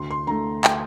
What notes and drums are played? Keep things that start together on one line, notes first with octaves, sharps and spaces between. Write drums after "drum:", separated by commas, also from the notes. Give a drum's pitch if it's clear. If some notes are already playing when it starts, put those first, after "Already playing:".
Already playing: D2 C6
C6
D3 A3 A#5
G5, drum: clap